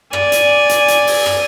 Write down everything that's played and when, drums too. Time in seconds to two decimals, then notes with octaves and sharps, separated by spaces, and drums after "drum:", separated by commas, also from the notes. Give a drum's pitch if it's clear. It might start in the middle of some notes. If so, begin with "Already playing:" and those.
0.13 D5 G#5, drum: rim click
0.32 drum: hi-hat
0.69 drum: hi-hat
0.88 drum: hi-hat
1.07 drum: open hi-hat
1.26 drum: rim click